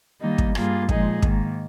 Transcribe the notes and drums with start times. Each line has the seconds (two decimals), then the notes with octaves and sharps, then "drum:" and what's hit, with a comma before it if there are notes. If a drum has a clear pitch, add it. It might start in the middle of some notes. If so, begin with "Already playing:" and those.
0.21 D#3 G3 A#3 D#4
0.38 drum: kick
0.55 G2 G3 A#3 F4 G#4, drum: rim click
0.89 A#2 F3 G#3 D#4 G#4, drum: kick
1.22 G#2 D#3 A#3, drum: kick